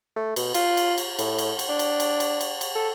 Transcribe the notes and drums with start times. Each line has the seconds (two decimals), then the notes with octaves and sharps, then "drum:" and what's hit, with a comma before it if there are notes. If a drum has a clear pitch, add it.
0.16 A3
0.36 B2, drum: cymbal
0.54 F4, drum: cymbal
0.77 drum: cymbal
0.98 drum: cymbal
1.19 A2, drum: cymbal
1.38 drum: cymbal
1.59 drum: cymbal
1.69 D4
1.79 drum: cymbal
2.00 drum: cymbal
2.20 drum: cymbal
2.41 drum: cymbal
2.61 drum: cymbal
2.75 A4